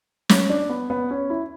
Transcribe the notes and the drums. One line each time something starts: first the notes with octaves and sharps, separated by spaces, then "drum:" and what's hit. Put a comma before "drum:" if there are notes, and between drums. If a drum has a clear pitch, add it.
C#4, drum: snare
D4
B3
B3
C#4
E4